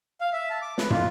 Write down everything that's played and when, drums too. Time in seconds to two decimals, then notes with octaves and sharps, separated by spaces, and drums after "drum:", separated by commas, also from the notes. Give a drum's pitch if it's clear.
0.21 F5
0.33 E5
0.50 A5
0.62 D6
0.78 B4, drum: snare
0.90 F4, drum: tom